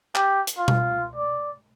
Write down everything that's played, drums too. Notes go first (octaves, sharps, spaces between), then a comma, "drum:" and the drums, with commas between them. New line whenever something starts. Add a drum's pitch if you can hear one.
G4, drum: clap
drum: hi-hat
F4
drum: tom B2
D5